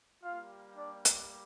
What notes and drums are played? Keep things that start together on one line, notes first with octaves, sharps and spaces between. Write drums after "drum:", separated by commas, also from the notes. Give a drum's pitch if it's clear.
G3 A#3 F4 G4 F5
D4 D5
drum: hi-hat